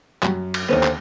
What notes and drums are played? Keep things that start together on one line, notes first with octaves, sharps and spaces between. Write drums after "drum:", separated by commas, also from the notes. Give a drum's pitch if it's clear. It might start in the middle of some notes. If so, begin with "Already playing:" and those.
F#2 G3 F#4, drum: clap
drum: cymbal
D#2 D3 B3 C#4 D#4 C5
drum: clap